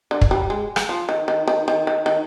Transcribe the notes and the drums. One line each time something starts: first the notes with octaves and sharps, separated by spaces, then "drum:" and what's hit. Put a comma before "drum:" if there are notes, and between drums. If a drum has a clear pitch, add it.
D3
drum: kick
G3
G#3
drum: rim click
F3
D#3
D#3
D#3
D#3
D#3
D#3